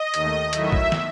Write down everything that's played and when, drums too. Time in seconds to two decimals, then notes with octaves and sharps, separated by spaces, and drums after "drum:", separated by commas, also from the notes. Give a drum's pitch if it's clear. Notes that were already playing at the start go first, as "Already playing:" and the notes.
Already playing: D#5
0.14 D#2 D#3 A3, drum: hi-hat
0.53 D#3 F#3 A3 E4 E5, drum: hi-hat
0.72 drum: kick
0.92 drum: snare